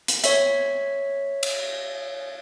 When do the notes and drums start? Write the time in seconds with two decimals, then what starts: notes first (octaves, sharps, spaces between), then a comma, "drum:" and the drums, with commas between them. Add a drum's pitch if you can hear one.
0.08 drum: hi-hat
0.24 C#5 E5, drum: hi-hat
1.43 drum: cymbal